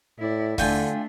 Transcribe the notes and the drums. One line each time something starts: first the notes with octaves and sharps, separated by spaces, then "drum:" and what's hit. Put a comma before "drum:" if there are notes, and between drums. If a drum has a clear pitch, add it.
A2 E4 D5
D3 A3 D4 F4 G5 G#5, drum: kick D#2, open hi-hat